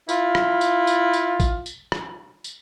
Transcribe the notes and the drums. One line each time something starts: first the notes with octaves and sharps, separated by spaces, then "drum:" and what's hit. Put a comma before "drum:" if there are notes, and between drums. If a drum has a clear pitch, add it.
E4 F4, drum: tambourine
drum: rim click
drum: tambourine
drum: tambourine
drum: tambourine
drum: kick, tambourine
drum: tambourine
drum: rim click
drum: tambourine